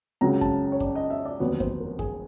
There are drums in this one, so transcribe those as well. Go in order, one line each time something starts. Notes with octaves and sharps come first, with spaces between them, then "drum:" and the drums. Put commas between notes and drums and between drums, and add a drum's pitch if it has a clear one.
C#2 C#3 F#3 A#5
A5, drum: kick F#2
C#5
D5, drum: kick F#2
D#5
E5
D5
F1 D#2 D3 F#3 B3 C#5
C5, drum: kick F#2
A#4
G#4, drum: kick F#2